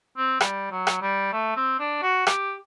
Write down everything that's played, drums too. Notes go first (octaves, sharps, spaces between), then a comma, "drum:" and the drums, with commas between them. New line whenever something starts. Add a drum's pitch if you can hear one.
C4
G3, drum: rim click
F#3
drum: rim click
G3
A3
C4
D4
F#4
G4, drum: rim click